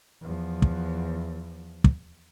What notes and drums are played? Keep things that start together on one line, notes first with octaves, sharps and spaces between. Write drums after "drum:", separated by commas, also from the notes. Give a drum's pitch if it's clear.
E2 F3
drum: kick
drum: kick